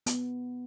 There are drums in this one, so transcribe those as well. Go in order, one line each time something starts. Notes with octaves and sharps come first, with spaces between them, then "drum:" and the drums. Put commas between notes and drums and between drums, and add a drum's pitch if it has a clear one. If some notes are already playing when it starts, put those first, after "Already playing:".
B3, drum: hi-hat